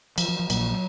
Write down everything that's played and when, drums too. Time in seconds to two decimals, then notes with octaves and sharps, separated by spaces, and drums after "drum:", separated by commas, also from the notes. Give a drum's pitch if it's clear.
0.18 F3, drum: cymbal
0.28 F3
0.39 F3
0.50 A#1 A#2 F#3, drum: cymbal
0.60 F3
0.70 F#3